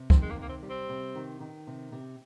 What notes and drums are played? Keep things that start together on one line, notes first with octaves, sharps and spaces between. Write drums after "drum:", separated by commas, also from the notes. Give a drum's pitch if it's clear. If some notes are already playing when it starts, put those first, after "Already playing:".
Already playing: C3
D#3 C4, drum: kick C2
G#3
A#3
C3
A#3
C4
G3
C4
C3
D#3
D#3
C3
C3